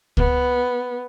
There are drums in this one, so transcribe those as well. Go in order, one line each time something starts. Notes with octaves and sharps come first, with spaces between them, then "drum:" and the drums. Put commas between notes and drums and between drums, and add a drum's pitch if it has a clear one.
B3, drum: kick C#2